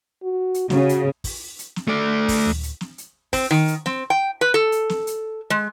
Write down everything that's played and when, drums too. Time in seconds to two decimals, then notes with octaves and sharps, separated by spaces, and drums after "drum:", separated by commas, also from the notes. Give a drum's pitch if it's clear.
0.23 F#4
0.54 drum: hi-hat
0.70 C#3 F#4, drum: snare
0.89 drum: hi-hat
1.24 drum: kick, open hi-hat
1.59 drum: hi-hat
1.76 drum: snare
1.88 A3 D5
2.28 drum: kick, open hi-hat
2.46 drum: tom D2
2.63 drum: hi-hat
2.81 drum: snare
2.98 drum: hi-hat
3.33 C4, drum: kick, open hi-hat
3.51 D#3
3.68 drum: hi-hat
3.86 C4, drum: snare
4.10 G5
4.41 B4
4.54 A4
4.72 drum: hi-hat
4.90 drum: snare
5.07 drum: hi-hat
5.50 G#3